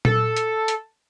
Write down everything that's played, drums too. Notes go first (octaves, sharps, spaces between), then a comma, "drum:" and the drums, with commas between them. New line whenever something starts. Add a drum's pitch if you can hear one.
A4, drum: tom A#2
drum: hi-hat
drum: hi-hat